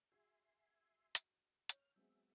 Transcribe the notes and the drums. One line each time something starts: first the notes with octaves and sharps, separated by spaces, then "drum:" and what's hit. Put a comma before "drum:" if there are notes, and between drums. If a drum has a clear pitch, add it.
F#4 G#4 E5 G#5 C6
drum: hi-hat
C#5 F6 G6, drum: hi-hat
F#3 G#3 B3 C4 G#4 E5